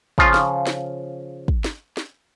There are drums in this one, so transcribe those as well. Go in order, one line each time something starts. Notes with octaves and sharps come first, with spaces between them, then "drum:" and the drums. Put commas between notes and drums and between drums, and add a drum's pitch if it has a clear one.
C#3 F3 F4, drum: kick
drum: snare
drum: snare
drum: kick
drum: snare
drum: snare